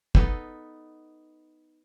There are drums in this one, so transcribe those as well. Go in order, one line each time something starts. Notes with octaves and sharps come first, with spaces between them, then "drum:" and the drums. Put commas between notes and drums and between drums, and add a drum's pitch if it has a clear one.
B3 D#4 A4, drum: kick